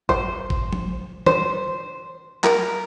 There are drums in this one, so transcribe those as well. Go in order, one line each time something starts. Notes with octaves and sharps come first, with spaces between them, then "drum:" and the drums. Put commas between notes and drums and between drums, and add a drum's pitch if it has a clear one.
C5, drum: kick
drum: kick
drum: tom F3
C5, drum: tom E3
A#4, drum: clap